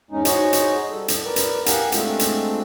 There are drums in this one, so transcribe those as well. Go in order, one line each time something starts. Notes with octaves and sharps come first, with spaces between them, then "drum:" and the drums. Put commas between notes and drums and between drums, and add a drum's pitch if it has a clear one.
E2 G#2 G#3 C#4 D#4
D#4 F#4 G#4 C5 C#5 D#5, drum: hi-hat
drum: hi-hat
G3 A4
drum: hi-hat
A#4 B4 D5
drum: hi-hat
G4 A#4 F5 F#5 G#5, drum: hi-hat
G#3 A3 C4 D4 F4, drum: hi-hat
drum: hi-hat